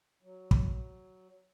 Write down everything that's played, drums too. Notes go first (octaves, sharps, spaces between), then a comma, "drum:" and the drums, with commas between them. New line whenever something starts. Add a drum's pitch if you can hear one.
F#3
drum: kick